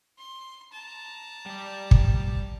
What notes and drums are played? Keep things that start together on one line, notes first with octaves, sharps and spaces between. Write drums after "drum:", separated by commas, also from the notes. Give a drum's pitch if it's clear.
C6
A5 A#5
G3 D5
drum: kick